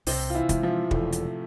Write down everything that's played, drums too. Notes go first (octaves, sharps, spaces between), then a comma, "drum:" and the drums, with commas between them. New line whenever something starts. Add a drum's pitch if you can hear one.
C2 C3 C4, drum: open hi-hat
F4
E3 E4
C3 E3 G#3, drum: kick, hi-hat
F3 F4
E1 A2 A3, drum: kick
drum: hi-hat